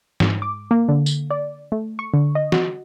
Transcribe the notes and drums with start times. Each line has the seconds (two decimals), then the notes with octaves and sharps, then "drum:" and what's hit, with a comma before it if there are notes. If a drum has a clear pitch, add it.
0.20 G#2, drum: snare
0.42 D6
0.71 A#3
0.89 D3
1.06 drum: tambourine
1.30 D5
1.72 A3
1.99 C#6
2.14 D3
2.35 D#5
2.52 F#4, drum: snare